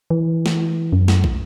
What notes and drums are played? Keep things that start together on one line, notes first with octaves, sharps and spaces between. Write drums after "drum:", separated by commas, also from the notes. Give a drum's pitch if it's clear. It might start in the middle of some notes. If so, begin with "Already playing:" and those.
E3
drum: snare
F#2
drum: snare
drum: kick